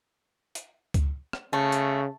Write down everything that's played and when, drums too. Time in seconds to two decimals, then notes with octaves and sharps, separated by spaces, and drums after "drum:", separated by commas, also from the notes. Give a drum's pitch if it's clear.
0.55 drum: hi-hat
0.94 drum: kick C#2, hi-hat
1.33 drum: rim click
1.53 C#3 A3
1.72 drum: hi-hat